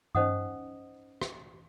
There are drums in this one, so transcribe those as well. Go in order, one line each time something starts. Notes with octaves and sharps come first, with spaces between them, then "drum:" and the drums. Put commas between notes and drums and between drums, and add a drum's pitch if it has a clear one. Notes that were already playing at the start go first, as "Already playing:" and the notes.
C#4 D#4 C5 D#5 F#5 D#6, drum: tom G2
drum: rim click